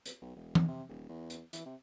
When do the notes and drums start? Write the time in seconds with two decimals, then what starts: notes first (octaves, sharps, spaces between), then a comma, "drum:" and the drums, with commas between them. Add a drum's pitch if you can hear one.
0.06 drum: hi-hat
0.22 B1
0.36 E1
0.55 D#2, drum: tom
0.68 C3
0.89 D#1
1.09 E2
1.30 drum: hi-hat
1.53 E3, drum: hi-hat
1.66 C3